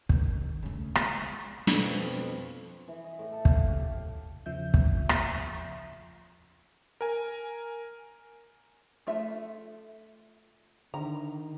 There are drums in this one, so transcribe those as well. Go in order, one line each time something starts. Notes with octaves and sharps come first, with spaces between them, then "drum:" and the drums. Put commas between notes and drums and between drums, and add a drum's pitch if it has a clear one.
D#2 D#3, drum: kick
C#3 A3
G#3, drum: rim click
F2 B2, drum: snare
E3
D#5
A2
A4
F5, drum: kick
G4
E2 C#3 F3 E5 G6
drum: kick
drum: rim click
A#4 G#5
A3 F4 E5
D3 D#3 A#5